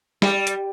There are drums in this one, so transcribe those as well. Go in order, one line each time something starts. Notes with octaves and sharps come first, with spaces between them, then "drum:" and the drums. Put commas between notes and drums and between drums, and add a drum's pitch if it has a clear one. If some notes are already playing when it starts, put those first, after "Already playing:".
G3, drum: snare
drum: hi-hat